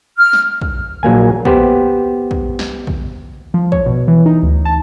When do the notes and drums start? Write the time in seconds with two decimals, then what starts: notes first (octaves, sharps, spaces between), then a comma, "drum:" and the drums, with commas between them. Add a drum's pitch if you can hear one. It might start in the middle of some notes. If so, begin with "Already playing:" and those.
0.18 F6
0.33 drum: snare
0.61 drum: kick
1.03 A#1 F#3 A#3 G#5
1.45 B3 G4 C5, drum: kick
2.31 drum: kick
2.59 drum: snare
2.87 drum: kick
3.54 F3
3.72 C#5, drum: kick
3.86 B2
4.08 E3
4.26 D#4
4.43 D2
4.65 A5